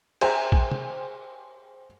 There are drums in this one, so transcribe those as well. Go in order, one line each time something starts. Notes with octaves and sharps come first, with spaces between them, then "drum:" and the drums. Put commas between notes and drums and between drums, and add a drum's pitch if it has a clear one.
G#4 C5 E5 G5 G#5 A#5, drum: cymbal
drum: kick A#1
drum: tom